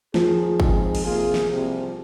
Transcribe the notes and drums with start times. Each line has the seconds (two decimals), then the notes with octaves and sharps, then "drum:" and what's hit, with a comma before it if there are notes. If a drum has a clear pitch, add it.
0.14 F2 D#3 F3 A#3 G#4, drum: snare
0.60 D#3 G#3 C4 D#4 G#4, drum: kick
0.95 drum: cymbal
1.04 C3 F3 A#3 F4 G#4
1.34 drum: snare
1.50 C2 C3 F3